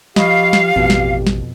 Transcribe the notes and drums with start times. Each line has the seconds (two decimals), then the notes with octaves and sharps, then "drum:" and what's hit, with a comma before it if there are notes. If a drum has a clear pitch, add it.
0.16 F3 G4 D#5 F5 B5 C#6, drum: snare
0.53 drum: snare
0.76 A1 F2 B2
0.90 drum: snare
1.27 drum: snare